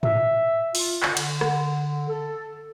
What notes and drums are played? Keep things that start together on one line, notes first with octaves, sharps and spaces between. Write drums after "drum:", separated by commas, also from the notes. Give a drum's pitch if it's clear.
E5, drum: tom G#2
F4, drum: open hi-hat
D3, drum: clap
drum: cymbal
drum: rim click
A4